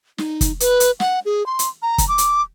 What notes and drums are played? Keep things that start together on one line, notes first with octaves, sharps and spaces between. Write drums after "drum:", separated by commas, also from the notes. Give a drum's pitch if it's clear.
D#4, drum: snare
drum: kick, hi-hat
B4, drum: hi-hat
drum: hi-hat
F#5, drum: snare
G#4
C6
drum: hi-hat
A#5
drum: kick, hi-hat
D6
drum: hi-hat